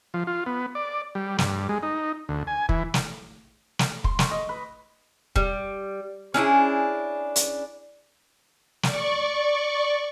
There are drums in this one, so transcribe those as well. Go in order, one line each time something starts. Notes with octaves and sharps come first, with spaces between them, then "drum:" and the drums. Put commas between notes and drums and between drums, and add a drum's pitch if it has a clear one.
F3
F4
B3
D5
G3
G2, drum: snare
G#3
D#4
D2
G#5
E3, drum: kick
drum: snare
drum: snare
C6, drum: kick
C#6, drum: snare
D#5
B4
G3, drum: kick
C#4 D4 E4 G#4
drum: hi-hat
D5 C#6, drum: snare